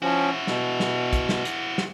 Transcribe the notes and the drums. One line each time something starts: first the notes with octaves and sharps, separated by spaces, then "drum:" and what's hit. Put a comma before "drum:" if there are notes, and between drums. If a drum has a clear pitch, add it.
F3 C#4 E4 F#4
B2, drum: snare
drum: snare
drum: kick, hi-hat
drum: snare
drum: hi-hat
drum: snare